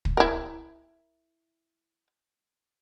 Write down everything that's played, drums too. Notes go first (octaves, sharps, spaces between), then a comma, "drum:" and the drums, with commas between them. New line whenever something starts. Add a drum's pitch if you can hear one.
drum: kick
E4 A#4